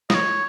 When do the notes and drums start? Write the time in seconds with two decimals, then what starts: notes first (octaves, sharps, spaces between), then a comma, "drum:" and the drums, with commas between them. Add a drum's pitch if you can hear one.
0.10 D#5, drum: snare
0.14 C#5